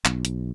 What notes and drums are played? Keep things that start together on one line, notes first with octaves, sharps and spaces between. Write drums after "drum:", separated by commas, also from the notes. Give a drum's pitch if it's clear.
B1, drum: clap
drum: hi-hat